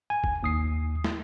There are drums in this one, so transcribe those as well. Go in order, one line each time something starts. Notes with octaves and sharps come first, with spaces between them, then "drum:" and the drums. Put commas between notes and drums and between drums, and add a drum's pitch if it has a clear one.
G#5
drum: kick
D#2 D#6 C7
drum: snare